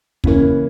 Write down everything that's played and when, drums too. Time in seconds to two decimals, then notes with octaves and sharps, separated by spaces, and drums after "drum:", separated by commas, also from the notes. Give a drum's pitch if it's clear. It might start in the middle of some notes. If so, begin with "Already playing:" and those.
0.24 C#3 E3 A#3 C#4, drum: kick